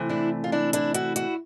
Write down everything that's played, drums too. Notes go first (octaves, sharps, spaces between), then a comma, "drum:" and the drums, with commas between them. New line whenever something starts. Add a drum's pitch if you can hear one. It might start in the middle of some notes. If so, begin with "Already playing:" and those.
Already playing: C3 E3 A3
D4 E4
F4
D4 E4
D4 E4, drum: hi-hat
E4 F#4, drum: hi-hat
E4 F#4, drum: hi-hat